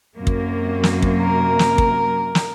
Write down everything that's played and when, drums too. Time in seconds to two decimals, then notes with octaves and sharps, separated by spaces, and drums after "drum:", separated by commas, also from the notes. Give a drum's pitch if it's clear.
0.17 F#2 C3 A#3
0.27 drum: kick
0.84 drum: snare
1.02 drum: kick
1.21 A#4
1.59 drum: snare
1.78 drum: kick
2.35 drum: snare